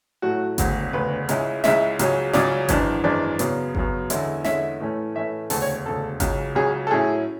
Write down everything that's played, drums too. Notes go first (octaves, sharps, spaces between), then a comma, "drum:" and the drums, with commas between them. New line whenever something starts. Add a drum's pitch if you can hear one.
A2 F#3 A3 F#4
E1 D2 C#3, drum: kick G#1, hi-hat
E1 D2 C#3 B4
C#2 C#3 G#3 C#4 E4, drum: hi-hat
C#2 C#3 G#3 C#4 E4 E5, drum: snare
C#2 C#3 F#3 C#4, drum: hi-hat
C#2 C#3 F#3 C#4 D5, drum: snare
G#1 F#2 E3 G#3 D4, drum: kick G#1, hi-hat
G#1 F#2 E3 G#3 D4 D5
F#2 C#3 F#3 B3, drum: hi-hat
F#2 C#3 F#3 B3, drum: kick G#1
E2 D3 G#3 C#4 E4, drum: hi-hat
E2 D3 G#3 C#4 E4 E5, drum: snare
A2 E3 A3 C#4
A2 E3 A3 C#4 E5
E1 D2 C#3 A4, drum: open hi-hat
C#5
E1 D2 C#3 A4
C#2 C#3 F#3 C#4, drum: kick G#1, hi-hat
C#2 C#3 F#3 C#4 G#4
A4
A2 F#3 C#4 E4 G#4